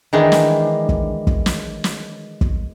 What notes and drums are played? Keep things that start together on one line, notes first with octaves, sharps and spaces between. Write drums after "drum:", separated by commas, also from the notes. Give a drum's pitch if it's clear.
D#3 E3 G#3 D4
drum: snare
drum: kick
drum: kick
drum: snare
drum: snare
drum: kick